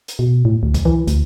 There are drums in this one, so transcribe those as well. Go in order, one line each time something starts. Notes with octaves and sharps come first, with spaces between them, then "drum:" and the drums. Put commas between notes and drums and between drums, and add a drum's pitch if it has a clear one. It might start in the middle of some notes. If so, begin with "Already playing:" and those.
drum: hi-hat
B2
A2
D2
drum: kick C2, hi-hat
E3
D2, drum: hi-hat